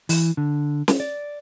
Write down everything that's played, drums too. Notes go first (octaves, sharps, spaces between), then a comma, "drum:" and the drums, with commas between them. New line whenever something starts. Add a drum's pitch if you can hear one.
E3, drum: open hi-hat
D3
drum: snare
D5